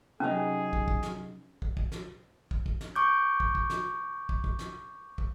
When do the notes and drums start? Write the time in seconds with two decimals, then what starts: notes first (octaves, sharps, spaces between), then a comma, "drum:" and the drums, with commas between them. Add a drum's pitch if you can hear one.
0.20 C3 F#3 C#4 D#4 G#4
0.73 drum: kick
0.88 drum: kick
1.03 drum: snare
1.62 drum: kick
1.77 drum: kick
1.92 drum: snare
2.51 drum: kick
2.66 drum: kick
2.81 drum: snare
2.96 C#6 D6 G6
3.40 drum: kick
3.55 drum: kick
3.70 drum: snare
4.29 drum: kick
4.44 drum: kick
4.59 drum: snare
5.18 drum: kick